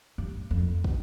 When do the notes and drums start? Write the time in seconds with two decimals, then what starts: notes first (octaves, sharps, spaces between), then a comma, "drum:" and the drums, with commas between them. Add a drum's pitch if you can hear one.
0.18 G2
0.51 F2
0.84 drum: kick